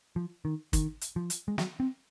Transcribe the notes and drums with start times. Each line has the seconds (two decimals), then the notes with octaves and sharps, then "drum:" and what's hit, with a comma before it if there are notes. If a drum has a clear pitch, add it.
0.16 F3
0.45 D#3
0.73 D#3, drum: kick, hi-hat
1.01 drum: hi-hat
1.16 F3
1.30 drum: hi-hat
1.48 G#3
1.58 F#3, drum: snare
1.80 C4